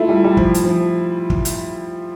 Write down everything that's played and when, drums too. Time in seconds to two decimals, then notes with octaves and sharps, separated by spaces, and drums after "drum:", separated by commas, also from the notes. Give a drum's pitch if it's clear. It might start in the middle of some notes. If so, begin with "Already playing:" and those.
Already playing: A3 E4 F4
0.09 G3
0.24 G3
0.37 F3, drum: kick
0.54 drum: hi-hat
0.64 F3
1.30 drum: kick
1.45 drum: hi-hat